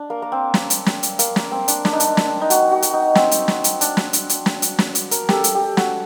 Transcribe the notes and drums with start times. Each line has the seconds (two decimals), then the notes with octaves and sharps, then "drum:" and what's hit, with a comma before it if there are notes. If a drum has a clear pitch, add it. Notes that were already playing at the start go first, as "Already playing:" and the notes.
Already playing: D4
0.10 A#3
0.22 A#3
0.32 C4
0.54 drum: snare
0.70 drum: hi-hat
0.86 drum: snare
1.03 drum: hi-hat
1.19 A#3, drum: hi-hat
1.36 A#3, drum: snare
1.52 C4
1.68 D4, drum: hi-hat
1.85 D4, drum: snare
1.93 D#4
2.00 D4, drum: hi-hat
2.17 drum: snare
2.41 D#4
2.50 F#4, drum: hi-hat
2.71 F#4
2.82 drum: hi-hat
2.94 D#4
3.15 C4, drum: snare
3.31 drum: hi-hat
3.48 drum: snare
3.64 drum: hi-hat
3.81 D4, drum: hi-hat
3.97 drum: snare
4.13 drum: hi-hat
4.29 drum: hi-hat
4.46 drum: snare
4.62 drum: hi-hat
4.78 drum: snare
4.95 drum: hi-hat
5.11 A#4, drum: hi-hat
5.29 G4 A4, drum: snare
5.44 drum: hi-hat
5.55 G4
5.77 F#4, drum: snare